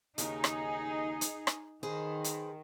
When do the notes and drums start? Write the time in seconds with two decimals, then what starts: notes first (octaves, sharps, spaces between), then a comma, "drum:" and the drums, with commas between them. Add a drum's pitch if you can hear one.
0.18 D#2 C#3 D#4 G#4, drum: hi-hat
0.44 drum: rim click
1.21 drum: hi-hat
1.47 drum: rim click
1.83 D#3 G#4 B4 C5
2.24 drum: hi-hat